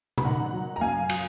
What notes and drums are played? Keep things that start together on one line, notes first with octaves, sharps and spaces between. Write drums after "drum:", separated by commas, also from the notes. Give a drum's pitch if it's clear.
B5, drum: tom A#2
D#3 F#5 A#5
F#3
A#5
F#2 F5 G#5
F#3, drum: cymbal